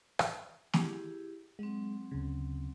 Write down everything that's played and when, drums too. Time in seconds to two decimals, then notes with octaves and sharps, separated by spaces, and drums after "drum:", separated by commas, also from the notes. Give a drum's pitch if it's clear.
0.19 drum: rim click
0.73 E4 G4 G#4, drum: snare
1.59 F#3 G#3 C4
2.11 D2 C#3